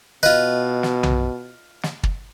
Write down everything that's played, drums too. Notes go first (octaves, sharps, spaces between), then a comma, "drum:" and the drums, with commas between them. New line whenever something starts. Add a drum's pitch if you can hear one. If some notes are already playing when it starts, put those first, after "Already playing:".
B2 F4 B4 D#5
drum: snare
drum: tom B1
drum: snare
drum: kick